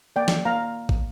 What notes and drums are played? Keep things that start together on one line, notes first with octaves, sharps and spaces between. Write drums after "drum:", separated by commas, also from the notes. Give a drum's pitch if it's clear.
A#3 D5 G5
drum: snare
A#3 F5 A#5
drum: kick